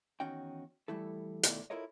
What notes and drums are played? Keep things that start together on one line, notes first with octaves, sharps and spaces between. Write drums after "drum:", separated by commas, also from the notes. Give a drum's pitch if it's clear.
E2 D#3 C#4 D#4 F#4 G5
E3 G3 A3 E4 A4
B2 D#3 A3 E4 D5, drum: hi-hat
E4 F4 A4 A#4 C#5 D#5